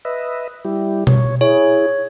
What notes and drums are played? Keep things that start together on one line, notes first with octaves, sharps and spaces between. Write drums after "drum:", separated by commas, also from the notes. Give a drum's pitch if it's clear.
B4 D#5 E5
G3 E4 G4
C#5, drum: tom B2
E4 G#4 C#5